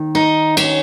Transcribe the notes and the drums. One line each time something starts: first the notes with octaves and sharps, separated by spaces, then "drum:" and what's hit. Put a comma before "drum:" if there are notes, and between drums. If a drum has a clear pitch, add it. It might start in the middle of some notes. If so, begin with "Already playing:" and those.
Already playing: D#2 D#3
D#4
C#4, drum: cymbal